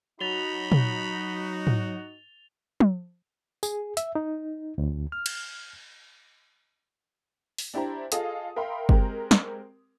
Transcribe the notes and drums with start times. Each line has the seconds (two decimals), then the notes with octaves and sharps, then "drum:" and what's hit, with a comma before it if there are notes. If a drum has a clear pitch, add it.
0.20 F#3 D#4 F#4 B5 A6 F7 G7
0.72 drum: tom
1.67 drum: tom G#2
2.80 drum: tom
3.63 G#4, drum: tambourine
3.97 E5, drum: hi-hat
4.15 D#4
4.78 D2
5.12 F6
5.26 drum: cymbal
7.58 drum: open hi-hat
7.74 D4 E4 G4 C5 A#5
8.12 F4 G#4 A4 D#5 F5 D#6, drum: hi-hat
8.56 A#4 E5 F5 G5 B5 C6
8.89 G#3 C4 G4 A#4, drum: kick G1
9.31 drum: snare